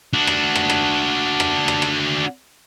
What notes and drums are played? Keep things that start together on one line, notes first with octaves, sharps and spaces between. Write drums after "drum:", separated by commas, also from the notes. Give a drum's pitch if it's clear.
D4 F#4
drum: rim click
drum: rim click
drum: rim click
drum: rim click
drum: rim click
drum: rim click